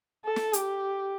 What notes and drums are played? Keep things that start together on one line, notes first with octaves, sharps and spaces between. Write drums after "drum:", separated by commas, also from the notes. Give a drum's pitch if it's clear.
A4
drum: snare
G4, drum: hi-hat